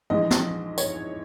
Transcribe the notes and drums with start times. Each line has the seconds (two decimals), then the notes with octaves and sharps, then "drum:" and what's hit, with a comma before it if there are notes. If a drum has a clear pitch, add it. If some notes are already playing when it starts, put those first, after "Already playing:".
0.10 A#1 G#2 E3 G#3 D#5
0.31 drum: snare
0.78 C#5, drum: tambourine